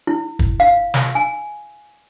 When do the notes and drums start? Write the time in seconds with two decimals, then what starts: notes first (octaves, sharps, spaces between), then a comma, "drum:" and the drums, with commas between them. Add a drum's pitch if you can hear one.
0.07 E4
0.39 drum: kick
0.60 F5
0.94 drum: snare
1.15 G#5